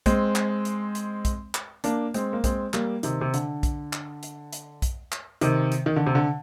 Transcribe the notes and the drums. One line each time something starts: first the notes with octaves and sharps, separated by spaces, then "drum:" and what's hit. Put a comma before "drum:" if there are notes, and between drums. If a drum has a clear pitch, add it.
G#3 C4, drum: kick B1, hi-hat
drum: clap
drum: hi-hat
drum: hi-hat
drum: kick B1, hi-hat
drum: clap
A#3 D4, drum: hi-hat
G#3 C4, drum: hi-hat
A#3
G#3 C4, drum: kick B1, hi-hat
G3 A#3, drum: clap
C3 D#3, drum: hi-hat
C3
D3, drum: hi-hat
drum: kick B1, hi-hat
drum: clap
drum: hi-hat
drum: hi-hat
drum: kick B1, hi-hat
drum: clap
C3 D#3, drum: hi-hat
drum: hi-hat
D#3
D3
C3
D3